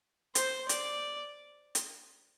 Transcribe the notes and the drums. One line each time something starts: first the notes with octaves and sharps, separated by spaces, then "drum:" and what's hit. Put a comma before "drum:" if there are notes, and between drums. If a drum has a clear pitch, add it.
C5, drum: hi-hat
D5, drum: hi-hat
drum: hi-hat